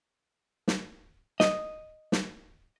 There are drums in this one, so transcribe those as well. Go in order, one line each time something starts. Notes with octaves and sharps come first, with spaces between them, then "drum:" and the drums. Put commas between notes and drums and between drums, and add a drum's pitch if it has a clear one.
drum: snare
D#5, drum: snare
drum: snare